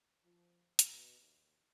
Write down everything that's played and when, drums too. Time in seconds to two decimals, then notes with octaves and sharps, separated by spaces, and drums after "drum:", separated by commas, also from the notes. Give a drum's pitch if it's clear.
0.24 F3
0.79 B2, drum: hi-hat
1.19 D#2